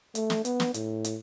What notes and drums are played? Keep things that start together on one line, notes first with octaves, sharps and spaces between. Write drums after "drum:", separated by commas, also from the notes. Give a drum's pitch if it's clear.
A3, drum: hi-hat
drum: snare
B3, drum: hi-hat
drum: snare
A2, drum: hi-hat
drum: hi-hat